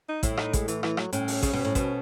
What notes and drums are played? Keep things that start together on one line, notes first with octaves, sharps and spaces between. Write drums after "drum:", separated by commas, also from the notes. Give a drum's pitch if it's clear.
D#4
A2 E4, drum: kick, hi-hat
D#4, drum: rim click
G#3, drum: kick, hi-hat
E3, drum: hi-hat
E3, drum: rim click
F#3, drum: rim click
A2 C#4, drum: hi-hat
drum: open hi-hat
C#3, drum: kick, hi-hat
B2
A2
B2, drum: kick, hi-hat